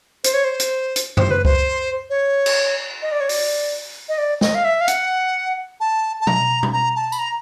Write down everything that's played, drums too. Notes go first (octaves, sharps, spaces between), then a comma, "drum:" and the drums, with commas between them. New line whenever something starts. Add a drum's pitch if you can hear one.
C5, drum: hi-hat
C#5
C5
drum: hi-hat
drum: hi-hat
C5, drum: tom F#2
B4
C5, drum: kick C#2
C#5
drum: cymbal
D#5
D5
C#5
D5, drum: open hi-hat
D#5
D5
D#5, drum: snare
F5
E5
F5
F#5, drum: hi-hat
A5
A5
A#5, drum: tom
drum: tom B2
A#5
A5
B5, drum: tambourine
A#5